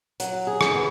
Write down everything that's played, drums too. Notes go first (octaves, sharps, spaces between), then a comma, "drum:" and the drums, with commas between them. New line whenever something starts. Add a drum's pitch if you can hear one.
F#3, drum: hi-hat
G#4
drum: rim click
B3